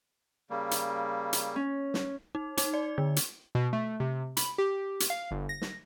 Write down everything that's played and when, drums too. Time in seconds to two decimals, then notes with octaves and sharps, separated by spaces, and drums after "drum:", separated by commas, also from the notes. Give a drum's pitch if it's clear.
0.50 C#3 G3 A#3
0.71 drum: hi-hat
1.33 drum: hi-hat
1.56 C#4
1.94 drum: snare
2.35 D#4
2.57 D#4, drum: hi-hat
2.74 D5
2.98 D3
3.16 drum: hi-hat
3.55 B2
3.73 A3
4.00 C3
4.37 B5, drum: hi-hat
4.58 G4
5.00 drum: hi-hat
5.10 F5
5.31 G1
5.49 A#6
5.62 drum: snare